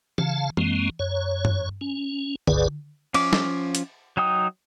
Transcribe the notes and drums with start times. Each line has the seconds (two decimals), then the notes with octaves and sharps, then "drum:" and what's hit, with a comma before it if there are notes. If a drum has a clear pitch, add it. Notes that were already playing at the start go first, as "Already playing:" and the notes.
0.18 C#3 F5 A5, drum: tom E3
0.57 F#2 G#3 A#3 C4, drum: tom E3
0.99 F#2 C#5
1.45 drum: tom G2
1.81 C#4
2.47 F#1 C#2 G2 G#4 B4 D5, drum: tom D3
3.14 F3 C#4 D6, drum: cymbal
3.33 drum: snare
3.75 drum: hi-hat
4.17 F#3 D#4 G5 D#6